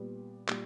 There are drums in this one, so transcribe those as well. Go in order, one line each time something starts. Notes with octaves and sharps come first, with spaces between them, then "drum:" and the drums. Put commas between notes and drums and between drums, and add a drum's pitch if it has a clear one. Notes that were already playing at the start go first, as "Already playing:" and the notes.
Already playing: A#2 G3 B3
A#2 G3, drum: clap